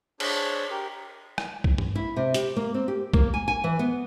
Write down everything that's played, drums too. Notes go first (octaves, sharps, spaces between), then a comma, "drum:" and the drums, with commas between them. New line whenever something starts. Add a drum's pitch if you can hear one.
D4 G#4 C5 C#5 A5, drum: cymbal
G4 A#4
drum: rim click
drum: kick B1
drum: tom G2
E4
C3
G4, drum: hi-hat
A#3
C4
G4
A#3, drum: kick B1
G#5
G#5
E3
B3